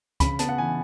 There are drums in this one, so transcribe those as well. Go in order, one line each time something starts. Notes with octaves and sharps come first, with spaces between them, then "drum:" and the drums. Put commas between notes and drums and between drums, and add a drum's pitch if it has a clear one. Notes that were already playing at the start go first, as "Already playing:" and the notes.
C#3 B5, drum: kick C#2, hi-hat
B3 A5, drum: hi-hat
F#5
E3 G#5